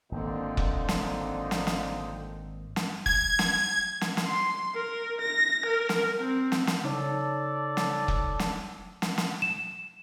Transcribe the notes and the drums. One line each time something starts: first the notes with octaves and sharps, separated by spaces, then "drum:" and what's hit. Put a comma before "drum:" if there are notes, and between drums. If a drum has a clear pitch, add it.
G#1 A#2 D3 A#3 C4 D4 D#4
drum: kick
drum: snare
drum: snare
drum: snare
drum: snare
G#6, drum: kick
drum: snare
drum: snare
drum: snare
C6
A#4
A#6
A#4
drum: snare
C4
drum: snare
drum: snare
C#3 D#4 A4 C#5 D5
drum: snare
drum: kick
drum: snare
drum: snare
drum: snare
E7